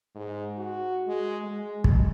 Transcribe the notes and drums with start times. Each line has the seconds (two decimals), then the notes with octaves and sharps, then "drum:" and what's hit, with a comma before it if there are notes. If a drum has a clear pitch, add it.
0.15 G#2
0.57 F#4
1.07 G#3
1.44 G#3
1.84 drum: kick